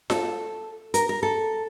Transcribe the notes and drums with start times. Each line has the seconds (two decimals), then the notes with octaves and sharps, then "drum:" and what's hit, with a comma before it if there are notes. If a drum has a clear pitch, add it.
0.10 A4, drum: snare F4
0.94 A#4, drum: hi-hat
1.09 A#4
1.23 A4